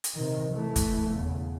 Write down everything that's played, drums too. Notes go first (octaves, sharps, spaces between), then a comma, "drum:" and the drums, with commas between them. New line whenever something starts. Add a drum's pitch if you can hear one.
drum: hi-hat
C3 D#3
E3 A3
drum: kick, hi-hat
E2 C#3